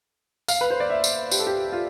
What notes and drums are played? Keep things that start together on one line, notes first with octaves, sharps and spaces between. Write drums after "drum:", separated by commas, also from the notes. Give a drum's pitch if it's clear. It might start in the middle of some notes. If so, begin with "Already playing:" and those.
F5, drum: tambourine
B4
C5
D5
E5
drum: tambourine
G4, drum: tambourine
A4
G4
F4